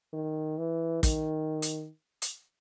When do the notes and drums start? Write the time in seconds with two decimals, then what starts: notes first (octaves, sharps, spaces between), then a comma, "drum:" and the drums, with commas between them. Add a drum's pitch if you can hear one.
0.13 D#3
0.58 E3
1.03 D#3, drum: kick, hi-hat
1.62 drum: hi-hat
2.22 drum: hi-hat